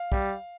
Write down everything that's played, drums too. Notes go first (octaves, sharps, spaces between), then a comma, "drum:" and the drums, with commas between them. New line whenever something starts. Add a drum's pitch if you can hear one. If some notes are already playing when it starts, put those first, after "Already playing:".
Already playing: F5
G3, drum: kick